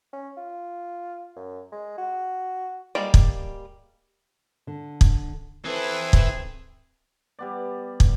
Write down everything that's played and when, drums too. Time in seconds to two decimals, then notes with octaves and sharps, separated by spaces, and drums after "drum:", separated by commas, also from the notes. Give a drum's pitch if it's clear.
0.13 C#4
0.37 F4
1.36 F#2
1.72 G#3
1.98 F#4
2.95 G3 G#3 A#3 D5
3.14 drum: kick
4.67 D3
5.01 drum: kick
5.65 E3 C4 E4 G#4 A4 B4
6.13 drum: kick
7.39 G3 B3 D5
8.00 drum: kick